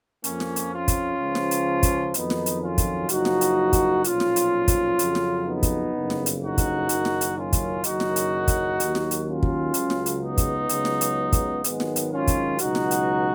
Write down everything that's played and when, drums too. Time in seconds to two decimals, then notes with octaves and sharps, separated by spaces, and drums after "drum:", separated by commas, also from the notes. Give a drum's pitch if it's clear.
0.24 F2 F3 A#3 C#4, drum: hi-hat
0.40 drum: snare
0.56 drum: hi-hat
0.72 C#4 F4
0.88 drum: kick, hi-hat
1.19 C#2 C#3 F3
1.35 drum: snare
1.51 drum: hi-hat
1.83 drum: kick, hi-hat
2.14 F2 D#3 F#3 B3 D#4, drum: hi-hat
2.30 drum: snare
2.46 drum: hi-hat
2.62 C#4 F4
2.78 drum: kick, hi-hat
3.09 F#1 F#2 F3 D#4 F#4, drum: hi-hat
3.25 drum: snare
3.41 drum: hi-hat
3.73 drum: kick, hi-hat
4.04 B1 A#2 F3 C#4 F4, drum: hi-hat
4.20 drum: snare
4.36 drum: hi-hat
4.68 drum: kick, hi-hat
4.99 F2 C#3 F#3, drum: hi-hat
5.15 drum: snare
5.46 B3 D#4
5.63 drum: kick, hi-hat
5.94 F#1 F2 C#3
6.10 drum: snare
6.26 drum: hi-hat
6.41 D#4 F#4
6.58 drum: kick, hi-hat
6.89 F#1 F#2 D#3 F#3, drum: hi-hat
7.05 drum: snare
7.21 drum: hi-hat
7.36 C#4 F4
7.53 drum: kick, hi-hat
7.84 F#1 F#2 D#3 F#3 D#4 F#4, drum: hi-hat
8.00 drum: snare
8.16 drum: hi-hat
8.48 drum: kick, hi-hat
8.80 D#2 D#3 F#3, drum: hi-hat
8.95 drum: snare
9.11 drum: hi-hat
9.27 C#4 F4
9.43 drum: kick
9.74 C#2 C#3 F#3, drum: hi-hat
9.90 drum: snare
10.06 drum: hi-hat
10.21 B3 D#4
10.38 drum: kick, hi-hat
10.69 C#2 C#3 F#3, drum: hi-hat
10.85 drum: snare
11.01 drum: hi-hat
11.33 drum: kick, hi-hat
11.64 G#1 G#2 D#3 F#3 G#3 B3, drum: hi-hat
11.80 drum: snare
11.96 drum: hi-hat
12.11 C#4 F4
12.27 drum: kick, hi-hat
12.59 C#2 B2 F#3 D#4 F#4, drum: hi-hat
12.75 drum: snare
12.91 drum: hi-hat